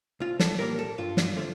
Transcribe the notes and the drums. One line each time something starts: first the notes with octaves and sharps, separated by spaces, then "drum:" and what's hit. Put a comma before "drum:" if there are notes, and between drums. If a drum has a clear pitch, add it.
C2 F4
A4, drum: snare
A#2 G3 A#3 A#4
A4
G2 F4
drum: snare
D3 F3 A3